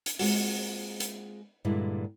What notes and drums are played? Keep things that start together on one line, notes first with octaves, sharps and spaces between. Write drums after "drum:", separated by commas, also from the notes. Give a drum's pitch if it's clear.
drum: hi-hat
G#3 A#3 C4 F4 F#4, drum: open hi-hat
drum: hi-hat
G2 A#2 D3 G#3 A#3 E4